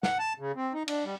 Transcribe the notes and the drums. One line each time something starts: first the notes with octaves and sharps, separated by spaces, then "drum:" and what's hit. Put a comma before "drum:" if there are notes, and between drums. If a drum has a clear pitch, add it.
F#5, drum: snare
A5
C#3
C4
D#4
D4, drum: cymbal
G3